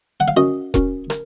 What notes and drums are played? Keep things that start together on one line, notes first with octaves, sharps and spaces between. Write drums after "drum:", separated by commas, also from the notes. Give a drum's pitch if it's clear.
F#5
F5
C#4 F#4 A#4 D#5
C#4 F#4 A#4, drum: kick E1
A#4, drum: rim click